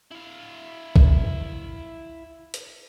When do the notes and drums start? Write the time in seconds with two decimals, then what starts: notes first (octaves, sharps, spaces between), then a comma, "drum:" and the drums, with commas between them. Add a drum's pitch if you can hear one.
0.11 E4 F5
0.96 drum: kick A#1
2.54 drum: hi-hat